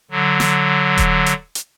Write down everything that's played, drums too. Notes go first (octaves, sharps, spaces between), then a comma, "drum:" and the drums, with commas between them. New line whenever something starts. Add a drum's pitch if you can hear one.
D3 F#3
drum: snare
drum: kick D#1, hi-hat
drum: hi-hat
drum: hi-hat